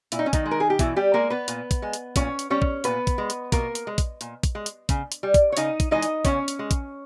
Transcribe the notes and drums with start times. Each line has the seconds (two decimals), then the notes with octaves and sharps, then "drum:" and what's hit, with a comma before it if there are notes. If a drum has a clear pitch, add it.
0.12 A#2 E4, drum: hi-hat
0.19 D#4
0.26 C#4
0.33 D#3 D#4, drum: kick, hi-hat
0.46 G#3
0.51 A#4
0.60 G#4
0.70 G4
0.79 B2 E3 E4, drum: kick, hi-hat
0.96 G3 G4
1.14 G#3 A#3 A#4
1.30 B3 B4
1.48 A#2, drum: hi-hat
1.71 drum: kick, hi-hat
1.82 G#3
1.93 drum: hi-hat
2.16 A#2 C#4 C#5, drum: kick, hi-hat
2.39 drum: hi-hat
2.50 G3 C#4 C#5
2.62 drum: kick
2.84 A#2 B3 B4, drum: hi-hat
3.07 drum: kick, hi-hat
3.18 G#3
3.30 drum: hi-hat
3.52 B2 A#3 A#4, drum: kick, hi-hat
3.75 drum: hi-hat
3.87 G#3
3.98 drum: kick, hi-hat
4.21 A#2, drum: hi-hat
4.43 drum: kick, hi-hat
4.55 G#3
4.66 drum: hi-hat
4.89 C#3, drum: kick, hi-hat
5.12 drum: hi-hat
5.23 G3
5.34 drum: kick, hi-hat
5.52 C#5
5.57 C#3 D#4 D#5, drum: hi-hat
5.80 drum: kick, hi-hat
5.91 E3 G#3 D#4 D#5
6.03 drum: hi-hat
6.25 C#3 C#4 C#5, drum: kick, hi-hat
6.48 drum: hi-hat
6.59 G#3
6.71 drum: kick, hi-hat